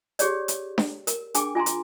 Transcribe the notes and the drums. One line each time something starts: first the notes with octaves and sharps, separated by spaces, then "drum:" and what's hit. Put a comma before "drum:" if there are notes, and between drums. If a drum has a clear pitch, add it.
G4 G#4 C#5 D5, drum: hi-hat
drum: hi-hat
drum: snare D4
A#4, drum: hi-hat
D4 G#4 G5 G#5 D6, drum: hi-hat
F4 G#5 A#5 C6
drum: hi-hat